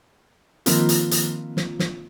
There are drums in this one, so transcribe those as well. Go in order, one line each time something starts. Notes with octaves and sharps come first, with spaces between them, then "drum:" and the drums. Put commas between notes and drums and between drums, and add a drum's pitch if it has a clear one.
D#3 F3 A#3 C4 F4, drum: hi-hat
drum: hi-hat
drum: hi-hat
drum: snare
drum: snare